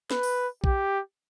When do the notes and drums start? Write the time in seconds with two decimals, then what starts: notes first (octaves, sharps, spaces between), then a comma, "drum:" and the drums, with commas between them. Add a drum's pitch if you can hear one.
0.11 B4, drum: snare
0.23 drum: open hi-hat
0.64 G4, drum: kick A#1